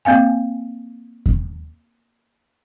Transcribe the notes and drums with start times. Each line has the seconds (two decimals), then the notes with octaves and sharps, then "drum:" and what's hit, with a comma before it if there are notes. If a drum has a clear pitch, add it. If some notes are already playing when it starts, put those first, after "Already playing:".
0.05 A#3 C4 F5 G#5
1.26 drum: kick E2